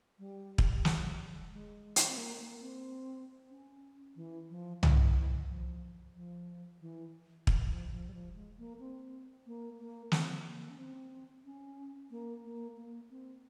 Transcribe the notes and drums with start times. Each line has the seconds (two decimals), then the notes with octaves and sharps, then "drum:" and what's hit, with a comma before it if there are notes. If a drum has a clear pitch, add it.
0.18 G3
0.58 drum: kick
0.85 G3, drum: snare
1.52 G#3
1.96 drum: hi-hat
2.07 C4
2.17 A#3
2.39 A#3
2.61 C4
3.50 C#4
4.16 E3
4.50 F3
4.83 E3, drum: tom C2
5.48 F3
6.15 F3
6.81 E3
7.47 E3, drum: kick
7.69 F3
7.91 F3
8.09 G3
8.14 F3
8.35 G#3
8.58 A#3
8.79 C4
9.46 A#3
9.79 A#3
10.12 C4, drum: snare
10.46 A#3
10.70 C#4
10.78 C4
11.45 C#4
12.10 A#3
12.44 A#3
12.77 A#3
13.10 C4